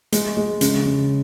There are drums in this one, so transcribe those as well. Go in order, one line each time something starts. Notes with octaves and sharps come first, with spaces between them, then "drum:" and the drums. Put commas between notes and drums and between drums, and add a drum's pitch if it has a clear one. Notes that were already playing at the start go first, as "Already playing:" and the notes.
G#3, drum: hi-hat
G#3
C#3, drum: hi-hat
C#3